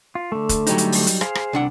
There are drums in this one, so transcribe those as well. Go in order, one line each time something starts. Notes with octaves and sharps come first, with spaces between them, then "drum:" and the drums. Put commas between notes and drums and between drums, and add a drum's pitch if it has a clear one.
F4
D3 A3
drum: kick E1, hi-hat
F#3 G3 D#4, drum: hi-hat
drum: hi-hat
drum: open hi-hat
drum: hi-hat
G#4 C5 F5, drum: rim click
drum: rim click
C2 D4 F#5